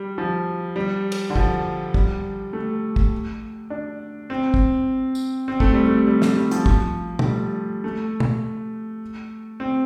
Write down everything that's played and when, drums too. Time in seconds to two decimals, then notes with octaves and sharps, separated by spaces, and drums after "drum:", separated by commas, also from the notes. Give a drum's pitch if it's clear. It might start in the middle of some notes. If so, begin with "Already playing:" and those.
Already playing: G3
0.18 F3
0.76 G3
1.12 drum: cymbal
1.30 D3
1.36 F3, drum: kick
1.94 G3, drum: kick
2.53 A3
2.96 drum: kick
3.70 D4
4.30 C4
4.54 drum: kick
5.15 drum: tambourine
5.48 C4
5.60 A3, drum: kick
5.74 G3
5.87 A3
6.07 G3
6.22 A3, drum: snare
6.37 G3
6.51 F3, drum: hi-hat
6.66 F3, drum: kick
7.19 A3, drum: tom
7.24 G3
7.84 A3
8.20 drum: tom
9.60 C4